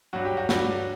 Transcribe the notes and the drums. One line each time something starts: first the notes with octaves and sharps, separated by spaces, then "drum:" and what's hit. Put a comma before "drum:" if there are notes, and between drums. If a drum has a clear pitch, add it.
G2 F#3 F#4
G4
F#4
G2 F#3 F#4, drum: snare